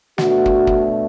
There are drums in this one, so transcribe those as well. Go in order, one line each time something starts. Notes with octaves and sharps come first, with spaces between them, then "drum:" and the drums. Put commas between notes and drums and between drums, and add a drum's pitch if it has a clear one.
B2 A3 D4 F#4, drum: snare
drum: kick
drum: kick